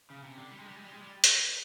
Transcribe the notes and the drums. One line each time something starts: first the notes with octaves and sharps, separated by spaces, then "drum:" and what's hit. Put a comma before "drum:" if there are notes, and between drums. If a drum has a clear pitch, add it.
C#3
C3
D3
G3
G#3
G3
G#3
G3
G#3
G3
drum: hi-hat